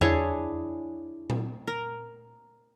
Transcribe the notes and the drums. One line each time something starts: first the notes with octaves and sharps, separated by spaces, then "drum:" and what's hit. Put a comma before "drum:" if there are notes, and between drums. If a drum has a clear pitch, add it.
D4 E4 G#4 C#5, drum: tom E2
drum: tom A#2
A#4